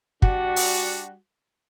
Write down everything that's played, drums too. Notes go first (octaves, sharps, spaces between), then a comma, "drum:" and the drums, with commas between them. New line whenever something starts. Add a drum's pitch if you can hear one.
G3 D4 F#4, drum: kick
drum: open hi-hat